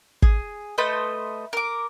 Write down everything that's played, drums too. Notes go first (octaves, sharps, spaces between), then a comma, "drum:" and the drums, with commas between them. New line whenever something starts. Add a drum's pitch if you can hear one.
G#4, drum: kick
A3 B4 C5 D#5
A#4 D6